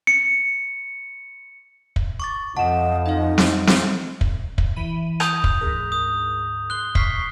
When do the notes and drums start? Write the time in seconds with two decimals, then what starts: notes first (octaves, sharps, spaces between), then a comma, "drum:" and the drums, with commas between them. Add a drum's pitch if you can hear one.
0.07 C#7
1.96 drum: kick
2.20 C#6 D6 A6
2.57 F2 F3 A4 D#5 F#5 A5 E7
3.06 D#4 D#5 F5
3.38 drum: snare
3.67 drum: snare
4.21 drum: kick
4.58 drum: kick
4.76 E3 B5 D#7
5.20 D#6 G6 F7, drum: rim click
5.44 drum: kick
5.61 D2 G#2 A#4
5.92 D#6
6.70 C6 F#6 G7
6.95 C#6 D6 F6 B6 C7, drum: kick